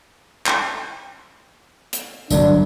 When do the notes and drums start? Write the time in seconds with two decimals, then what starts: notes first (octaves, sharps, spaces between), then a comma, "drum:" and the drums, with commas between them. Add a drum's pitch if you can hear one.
0.46 drum: clap
1.93 drum: hi-hat
2.30 G1 G2 F#3 D4, drum: tambourine